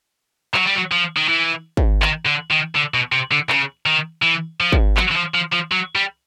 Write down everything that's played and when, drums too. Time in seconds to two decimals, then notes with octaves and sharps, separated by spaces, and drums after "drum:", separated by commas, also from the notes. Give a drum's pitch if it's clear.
0.54 F#3, drum: clap
0.66 G3
0.76 F#3
0.92 F3
1.17 D#3
1.29 E3
1.77 drum: kick G#1
2.02 D#3, drum: clap
2.26 D3
2.51 D#3
2.76 D3
2.94 B2
3.12 C3
3.31 D3
3.49 C#3, drum: clap
3.86 D#3
4.23 E3
4.60 F3
4.72 drum: kick G#1
4.97 F#3, drum: clap
5.11 E3
5.16 F3
5.34 F3
5.52 F3
5.71 F#3
5.95 G3